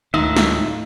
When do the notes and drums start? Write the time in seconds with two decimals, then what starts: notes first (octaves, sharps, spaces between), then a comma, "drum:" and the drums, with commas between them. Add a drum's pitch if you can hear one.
0.14 D2 A2 D#3 D#4 F4 E5
0.36 drum: snare